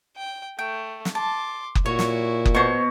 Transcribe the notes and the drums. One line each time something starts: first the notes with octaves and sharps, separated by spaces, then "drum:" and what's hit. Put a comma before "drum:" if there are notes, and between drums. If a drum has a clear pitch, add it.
G5
A3 G5
drum: snare
A5 C6 D6
drum: kick F#1
A#2 E4 F#4 C#5
drum: snare
drum: kick F#1
B2 C5 C#5 C#6